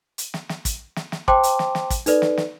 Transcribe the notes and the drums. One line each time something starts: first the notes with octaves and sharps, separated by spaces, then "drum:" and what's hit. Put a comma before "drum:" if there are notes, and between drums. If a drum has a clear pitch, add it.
drum: hi-hat
drum: snare
drum: snare
drum: kick, hi-hat
drum: snare
drum: snare
C5 G5 A5 C6 D6, drum: kick
drum: hi-hat
drum: snare
drum: snare
drum: kick, hi-hat
D#4 A4 B4 D5, drum: hi-hat
drum: snare
drum: snare